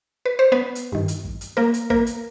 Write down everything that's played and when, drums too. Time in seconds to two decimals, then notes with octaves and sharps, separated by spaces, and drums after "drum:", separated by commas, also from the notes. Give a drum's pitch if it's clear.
0.25 B4
0.39 C5
0.52 B3 B4
0.75 drum: hi-hat
0.92 G2 D#3
1.08 drum: hi-hat
1.24 drum: kick
1.41 drum: hi-hat
1.57 A#3 A#4
1.74 drum: hi-hat
1.90 A#3 A#4, drum: kick
2.06 drum: hi-hat